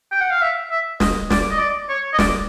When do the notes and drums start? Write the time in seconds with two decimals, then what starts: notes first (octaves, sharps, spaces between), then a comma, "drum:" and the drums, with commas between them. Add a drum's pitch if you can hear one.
0.12 G5
0.21 F#5
0.31 F5
0.41 E5
0.71 E5
1.00 D#5, drum: snare
1.30 D5, drum: snare
1.51 D#5
1.59 D5
1.89 C#5
2.14 D#5
2.18 D5, drum: snare